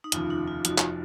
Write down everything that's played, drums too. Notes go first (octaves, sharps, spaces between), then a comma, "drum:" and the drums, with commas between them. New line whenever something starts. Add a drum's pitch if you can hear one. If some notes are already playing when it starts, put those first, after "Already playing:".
D#4
F1 D#2 C#3 F3 F4, drum: hi-hat
D#4
F4
F1 F2 F3 F#4, drum: hi-hat
drum: clap